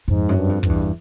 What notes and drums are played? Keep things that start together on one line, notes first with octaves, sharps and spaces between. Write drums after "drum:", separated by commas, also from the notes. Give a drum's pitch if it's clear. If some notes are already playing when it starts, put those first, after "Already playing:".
F2 G#2, drum: hi-hat
F#2
G2
F2
G2, drum: kick, hi-hat
E2